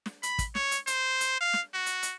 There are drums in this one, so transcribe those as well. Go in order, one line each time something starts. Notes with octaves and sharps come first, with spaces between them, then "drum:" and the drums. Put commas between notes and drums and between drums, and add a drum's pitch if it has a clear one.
drum: snare
B5, drum: hi-hat
drum: kick, hi-hat
C#5, drum: snare
drum: hi-hat
C5, drum: hi-hat
drum: hi-hat
F5
drum: snare
F#4
drum: hi-hat
drum: hi-hat